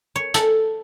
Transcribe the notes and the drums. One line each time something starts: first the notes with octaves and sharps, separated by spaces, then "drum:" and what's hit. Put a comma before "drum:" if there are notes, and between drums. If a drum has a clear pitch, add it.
C#5
A4, drum: hi-hat